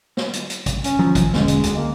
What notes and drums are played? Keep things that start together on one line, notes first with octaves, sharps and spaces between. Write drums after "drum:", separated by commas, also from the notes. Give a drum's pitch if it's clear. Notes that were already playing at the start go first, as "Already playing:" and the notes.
drum: snare
drum: hi-hat
drum: hi-hat
drum: kick, hi-hat
C#4, drum: hi-hat
D#3 F3 F#3
drum: kick, hi-hat
E1 D3 G#3 C#4, drum: snare
drum: hi-hat
D2, drum: hi-hat
A#3